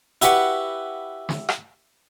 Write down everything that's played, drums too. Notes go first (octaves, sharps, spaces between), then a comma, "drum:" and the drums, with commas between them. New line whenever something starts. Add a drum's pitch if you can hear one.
E4 F#4 G4 B4 F#5, drum: hi-hat
drum: snare
drum: rim click